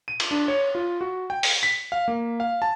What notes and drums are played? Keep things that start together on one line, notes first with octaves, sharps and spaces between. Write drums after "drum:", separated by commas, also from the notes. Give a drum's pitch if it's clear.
D#7
drum: cymbal
D4
C#5
F4
F#4
G5
drum: open hi-hat
B6
F5
A#3
F5
A5